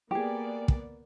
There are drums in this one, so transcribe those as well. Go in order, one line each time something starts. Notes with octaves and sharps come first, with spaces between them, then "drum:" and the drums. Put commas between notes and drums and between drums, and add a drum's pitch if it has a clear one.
A#3 B3 G4 G#4 D5
drum: kick